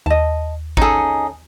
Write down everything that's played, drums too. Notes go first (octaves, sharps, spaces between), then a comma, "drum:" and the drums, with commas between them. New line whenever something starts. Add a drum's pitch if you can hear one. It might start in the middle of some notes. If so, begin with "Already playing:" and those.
D#2 D#5 A5
C#4 D#4 G#4 A4, drum: kick G#1